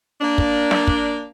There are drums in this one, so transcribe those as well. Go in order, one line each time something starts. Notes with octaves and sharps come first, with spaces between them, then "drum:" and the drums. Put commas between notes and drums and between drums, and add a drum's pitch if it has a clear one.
A#3 D4
drum: kick
drum: snare
drum: kick